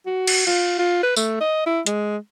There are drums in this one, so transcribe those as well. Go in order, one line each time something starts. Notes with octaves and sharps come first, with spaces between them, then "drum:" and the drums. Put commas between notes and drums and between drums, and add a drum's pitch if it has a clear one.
F#4
drum: cymbal
F4
F4
B4
A3, drum: tambourine
D#5
E4
G#3, drum: hi-hat